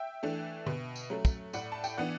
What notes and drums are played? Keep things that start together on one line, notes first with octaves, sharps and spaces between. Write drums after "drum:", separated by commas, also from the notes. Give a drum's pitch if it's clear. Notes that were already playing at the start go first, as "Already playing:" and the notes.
Already playing: E5 G5
E3 A3 D4
B2, drum: tom D3
drum: tambourine
F#3 A3 C#4
drum: kick, tambourine
A2 D5 F#5, drum: tambourine
A5
G5, drum: tambourine
E3 B3 D4 D5 F#5